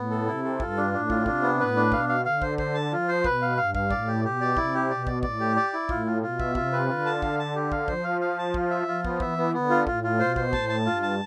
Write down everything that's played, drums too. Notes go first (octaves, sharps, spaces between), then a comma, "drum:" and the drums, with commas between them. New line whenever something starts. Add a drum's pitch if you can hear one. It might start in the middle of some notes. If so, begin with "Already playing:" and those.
Already playing: A2 B3
A4
C3 E4
A4
G2 F4, drum: kick
D4
A2 D4
F4, drum: kick
C3 D4, drum: kick
B3
A2 B4
D4
B2 F5, drum: kick
F5
D3 F5
C5, drum: kick
C5, drum: kick
A5
F3 F4
C5
B2 B4, drum: kick
F5
G2 F5
F5, drum: kick
A2 D5, drum: kick
G4
B2 G4
D5
C3 E4, drum: kick
G4
B2 D5
D5, drum: kick
A2 D5, drum: kick
G4
D5
E4
A2 F4, drum: kick
F4
B2 F4
E5, drum: kick
C3 F4, drum: kick
B4
D3 F4
A5
F5, drum: kick
A5
G4
F5, drum: kick
F3 C5, drum: kick
F5
F5
A5
F4, drum: kick
E5
F3 F4
B3, drum: kick
E3 E5, drum: kick
B3
D3 B3
F4
A2 F4, drum: kick
F4
B2 C5
C5, drum: kick
A2 A5, drum: kick
A5
G2 F4
A5